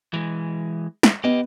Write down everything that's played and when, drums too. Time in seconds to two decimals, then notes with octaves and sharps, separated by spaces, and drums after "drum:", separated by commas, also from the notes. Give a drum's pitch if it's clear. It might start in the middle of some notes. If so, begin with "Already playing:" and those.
0.14 E3 G#3
1.03 drum: snare
1.24 B3 G4 D#5